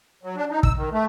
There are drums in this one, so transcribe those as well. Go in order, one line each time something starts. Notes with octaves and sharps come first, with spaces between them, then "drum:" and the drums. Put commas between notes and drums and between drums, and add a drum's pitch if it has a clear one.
F#3
D4
D#4
E6, drum: kick
D#3
A3